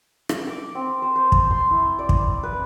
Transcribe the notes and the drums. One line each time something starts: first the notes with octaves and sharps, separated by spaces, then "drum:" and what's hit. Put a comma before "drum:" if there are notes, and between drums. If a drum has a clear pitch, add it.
drum: rim click
D6
C4
C5
C5
A5, drum: kick
C6
E4
D5
drum: kick
B4